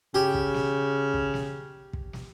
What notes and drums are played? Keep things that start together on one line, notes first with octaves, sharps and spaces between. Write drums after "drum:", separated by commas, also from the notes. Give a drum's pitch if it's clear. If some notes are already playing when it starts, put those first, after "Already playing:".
C#3 G4
drum: kick
drum: snare
drum: kick
drum: snare
drum: kick
drum: snare